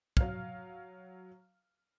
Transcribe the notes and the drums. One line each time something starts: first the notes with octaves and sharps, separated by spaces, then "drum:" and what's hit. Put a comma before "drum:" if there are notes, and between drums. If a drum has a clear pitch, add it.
F#3 F5 F6, drum: kick